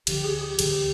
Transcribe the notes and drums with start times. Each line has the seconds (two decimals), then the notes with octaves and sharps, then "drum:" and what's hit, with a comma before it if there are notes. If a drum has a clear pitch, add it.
0.07 D2 D3 F3 G4, drum: cymbal
0.24 G#4
0.41 G4
0.59 D2 D3 F3, drum: cymbal